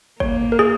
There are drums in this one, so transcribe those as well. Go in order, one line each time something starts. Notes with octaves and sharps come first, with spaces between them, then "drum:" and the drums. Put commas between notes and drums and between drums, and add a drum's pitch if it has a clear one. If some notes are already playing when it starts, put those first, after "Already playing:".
A#3 C#5, drum: kick G1
drum: tom F#2
A#4
G#4